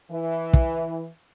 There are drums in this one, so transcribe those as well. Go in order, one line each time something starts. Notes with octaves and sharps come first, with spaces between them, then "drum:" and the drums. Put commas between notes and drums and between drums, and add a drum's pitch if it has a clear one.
E3
drum: kick